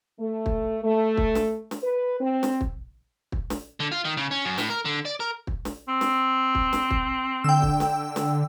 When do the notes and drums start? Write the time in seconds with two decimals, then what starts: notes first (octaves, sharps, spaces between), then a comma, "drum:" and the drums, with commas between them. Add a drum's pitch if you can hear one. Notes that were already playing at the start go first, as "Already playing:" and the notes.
0.20 A3
0.46 drum: kick
0.84 A3
1.17 drum: kick
1.35 drum: snare
1.71 drum: snare
1.83 B4
2.21 C4
2.43 drum: snare
2.61 drum: kick
3.32 drum: kick
3.50 drum: snare
3.80 D3
3.92 F4
4.05 D#3
4.17 C#3
4.31 C#4
4.45 F#2
4.58 A2, drum: snare
4.70 A#4
4.85 D3
5.05 D5
5.20 A#4
5.47 drum: kick
5.65 drum: snare
5.88 C4
6.01 drum: snare
6.55 drum: kick
6.73 drum: snare
6.91 drum: kick
7.44 D3 G5 E6
7.62 drum: kick
7.80 drum: snare
8.16 drum: snare